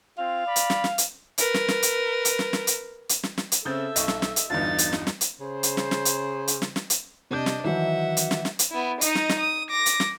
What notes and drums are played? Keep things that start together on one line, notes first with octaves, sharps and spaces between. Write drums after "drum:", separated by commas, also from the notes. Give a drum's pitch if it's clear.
C4 F4 F5
D5 B5
drum: hi-hat
drum: snare
drum: snare
drum: hi-hat
A#4 B4, drum: hi-hat
drum: snare
drum: snare
drum: hi-hat
drum: hi-hat
drum: snare
drum: snare
drum: hi-hat
drum: hi-hat
drum: snare
drum: snare
drum: hi-hat
C#3 C4 A4 E5 D#6 G6 A6
B1 D#5 C#6 E6, drum: hi-hat
drum: snare
drum: snare
drum: hi-hat
G1 E2 G2 D3 D#4 F4 A6
drum: hi-hat
drum: snare
drum: snare
drum: hi-hat
C#3 C5
drum: hi-hat
drum: snare
drum: snare
drum: hi-hat
drum: hi-hat
drum: snare
drum: snare
drum: hi-hat
C3 D4 D#5 G6
drum: snare
D#3 E3 F#3 E5 F#5
drum: hi-hat
drum: snare
drum: snare
drum: hi-hat
B3 E4
D#4 D#5, drum: hi-hat
drum: snare
drum: snare
D#6
D6 A#6
drum: hi-hat
drum: snare